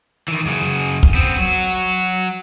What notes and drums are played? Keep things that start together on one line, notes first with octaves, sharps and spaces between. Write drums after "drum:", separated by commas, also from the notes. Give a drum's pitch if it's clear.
D#3 E3
F#2 C#3
drum: kick
B3 C4
F#3 F#4